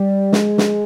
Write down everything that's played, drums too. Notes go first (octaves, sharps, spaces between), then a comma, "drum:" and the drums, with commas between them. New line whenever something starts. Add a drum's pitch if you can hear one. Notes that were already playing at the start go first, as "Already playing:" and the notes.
Already playing: G3
G#3, drum: snare
drum: snare